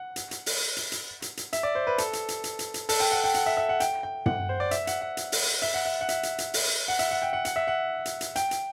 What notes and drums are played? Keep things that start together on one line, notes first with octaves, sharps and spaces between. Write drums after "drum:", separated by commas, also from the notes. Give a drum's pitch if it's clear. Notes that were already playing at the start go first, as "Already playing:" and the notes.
Already playing: F#5
drum: hi-hat
drum: hi-hat
drum: open hi-hat
drum: hi-hat
drum: hi-hat
drum: hi-hat
drum: hi-hat
E5, drum: hi-hat
D5
C5
B4
A4, drum: hi-hat
drum: hi-hat
drum: hi-hat
drum: hi-hat
drum: hi-hat
drum: hi-hat
A4, drum: open hi-hat
G5
F#5
G5
F#5, drum: hi-hat
E5
E5
F#5
G5, drum: hi-hat
G5
F#5, drum: tom
C5
D5
E5, drum: hi-hat
F#5, drum: hi-hat
F#5
drum: hi-hat
drum: open hi-hat
E5, drum: hi-hat
F#5
E5
F#5
E5, drum: hi-hat
drum: hi-hat
drum: hi-hat
drum: open hi-hat
F#5
E5, drum: hi-hat
F#5
G5
F#5
F#5, drum: hi-hat
E5
F#5
drum: hi-hat
drum: hi-hat
G5, drum: hi-hat
drum: hi-hat